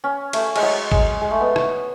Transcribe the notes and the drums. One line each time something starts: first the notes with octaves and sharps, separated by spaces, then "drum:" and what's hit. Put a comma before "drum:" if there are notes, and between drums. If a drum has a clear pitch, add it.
C#4
A3, drum: cymbal
G#3, drum: cymbal
F#3
G#3, drum: kick
G#3
A3
B3
drum: rim click